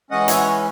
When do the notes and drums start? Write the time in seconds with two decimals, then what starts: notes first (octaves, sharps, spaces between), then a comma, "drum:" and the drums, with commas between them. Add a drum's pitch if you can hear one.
0.11 E3 G#3 C#4 D#5 F#5
0.28 C#5 E5, drum: hi-hat